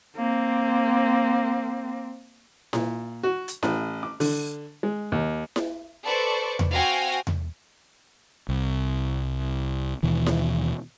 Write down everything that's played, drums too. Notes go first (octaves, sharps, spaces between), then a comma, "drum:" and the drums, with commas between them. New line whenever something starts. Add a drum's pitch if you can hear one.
A#3 C4
A#2, drum: snare E4
F#4
drum: hi-hat
A1, drum: snare E4
D6
D3, drum: open hi-hat
G#3
D#2
drum: snare E4
A4 B4 C5 D5 C#6
drum: tom E2
C4 F#4 F5 G5 G#5 A#6
drum: tom E2
C2
D#2 B2 E3
drum: snare E4